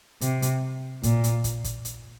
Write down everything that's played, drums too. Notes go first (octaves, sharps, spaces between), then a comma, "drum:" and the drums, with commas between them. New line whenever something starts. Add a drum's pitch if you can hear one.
C3, drum: hi-hat
drum: hi-hat
A#2, drum: kick, hi-hat
drum: hi-hat
drum: kick, hi-hat
drum: kick, hi-hat
drum: hi-hat